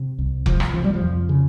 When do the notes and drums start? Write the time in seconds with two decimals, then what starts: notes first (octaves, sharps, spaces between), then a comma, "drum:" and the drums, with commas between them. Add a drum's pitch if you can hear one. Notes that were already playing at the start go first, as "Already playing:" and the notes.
Already playing: C3
0.18 C2
0.46 C3 F3, drum: kick F1
0.60 drum: rim click
0.74 C3 F3
0.84 G3
0.94 F3
1.02 F2
1.29 C#3